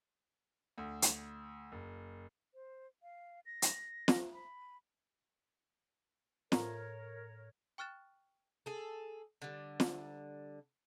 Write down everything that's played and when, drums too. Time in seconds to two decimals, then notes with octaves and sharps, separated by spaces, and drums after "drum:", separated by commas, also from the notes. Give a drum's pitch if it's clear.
0.78 D2
1.02 drum: hi-hat
1.72 F#1
2.54 C5
3.03 F5
3.46 A#6
3.62 drum: hi-hat
4.08 drum: snare
4.33 B5
6.52 A2 A#4 C#5 A#5, drum: snare
7.78 G5 C#6 F6 F#6 A6 E7
8.66 G#4 A4
9.42 D3 G3
9.80 drum: snare